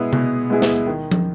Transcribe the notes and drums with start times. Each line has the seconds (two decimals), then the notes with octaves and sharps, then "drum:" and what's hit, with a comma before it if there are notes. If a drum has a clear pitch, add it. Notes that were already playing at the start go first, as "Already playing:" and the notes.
Already playing: B2 G#3 B3 E4 G#4
0.13 B2, drum: tom C3
0.50 G#3 B3 E4 G#4
0.62 drum: snare
0.87 D#3
1.11 drum: tom F3